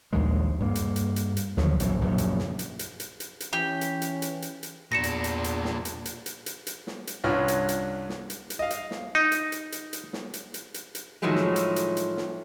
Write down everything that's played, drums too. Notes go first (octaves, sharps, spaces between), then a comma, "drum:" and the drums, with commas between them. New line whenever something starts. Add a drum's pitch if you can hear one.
A#1 D#2 D#3 G#3
G2 A#3
drum: hi-hat
drum: hi-hat
drum: hi-hat
drum: hi-hat
D#2 D3 F3 F#3, drum: snare
A#1 F#2 B2 E3, drum: hi-hat
A#1 F#2 A#2 C#3
drum: hi-hat
drum: snare
drum: hi-hat
drum: hi-hat
drum: hi-hat
drum: hi-hat
drum: hi-hat
E3 C#4 G4
drum: hi-hat
drum: hi-hat
drum: hi-hat
drum: hi-hat
drum: hi-hat
E2 A#2 D4 A#6 C#7 E7
drum: hi-hat
drum: hi-hat
drum: hi-hat
drum: snare
drum: hi-hat
drum: hi-hat
drum: hi-hat
drum: hi-hat
drum: hi-hat
drum: snare
drum: hi-hat
C2 G2 C#4 F4 F6
drum: hi-hat
drum: hi-hat
drum: snare
drum: hi-hat
drum: hi-hat
D#5 F5
drum: hi-hat
drum: snare
D#4
drum: hi-hat
drum: hi-hat
drum: hi-hat
drum: hi-hat
drum: snare
drum: hi-hat
drum: hi-hat
drum: hi-hat
drum: hi-hat
A2 D#3 F3 F#3 G#3 A3
drum: snare
drum: hi-hat
drum: hi-hat
drum: hi-hat
drum: snare